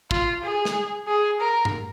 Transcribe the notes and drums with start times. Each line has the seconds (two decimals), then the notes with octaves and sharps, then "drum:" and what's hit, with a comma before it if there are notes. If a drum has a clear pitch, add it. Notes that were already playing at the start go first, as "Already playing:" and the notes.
0.11 F4, drum: kick
0.43 G#4
0.65 drum: snare
1.08 G#4
1.40 A#4
1.65 drum: tom G2